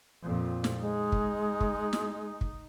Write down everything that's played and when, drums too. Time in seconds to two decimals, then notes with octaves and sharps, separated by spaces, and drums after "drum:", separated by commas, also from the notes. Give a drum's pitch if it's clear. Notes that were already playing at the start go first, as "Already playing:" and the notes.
0.23 F2 A#2
0.64 drum: snare
0.80 G#3 D#4
1.12 drum: kick
1.61 drum: kick
1.93 drum: snare
2.41 drum: kick